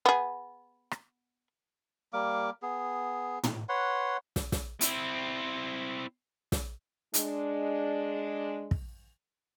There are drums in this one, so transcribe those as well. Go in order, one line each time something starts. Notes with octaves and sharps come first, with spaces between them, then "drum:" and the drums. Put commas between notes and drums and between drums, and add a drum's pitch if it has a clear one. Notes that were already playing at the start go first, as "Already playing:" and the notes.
B3 G#4
drum: rim click
G3 A#3 F5 D6
B3 G#4
drum: tom
B4 C#5 F#5 C6
drum: snare
drum: snare
C4 E4, drum: hi-hat
drum: snare
G#3 D4, drum: hi-hat
drum: kick